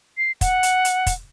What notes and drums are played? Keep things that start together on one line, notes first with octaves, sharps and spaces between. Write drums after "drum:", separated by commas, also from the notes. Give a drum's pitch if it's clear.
C7
F#5, drum: kick, hi-hat
drum: hi-hat
drum: hi-hat
drum: kick, hi-hat